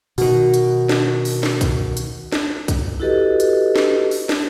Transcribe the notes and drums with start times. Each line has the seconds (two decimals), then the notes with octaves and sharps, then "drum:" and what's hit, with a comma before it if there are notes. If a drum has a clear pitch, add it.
0.18 B2 D#3 F#4, drum: open hi-hat
0.54 drum: hi-hat
0.89 drum: snare
1.25 drum: open hi-hat
1.43 drum: snare
1.61 drum: kick, hi-hat
1.97 drum: hi-hat
2.32 drum: snare
2.68 drum: kick, hi-hat
3.00 E4 F#4 G4 A4 B4 D#5
3.40 drum: hi-hat
3.76 drum: snare
4.11 drum: open hi-hat
4.29 drum: snare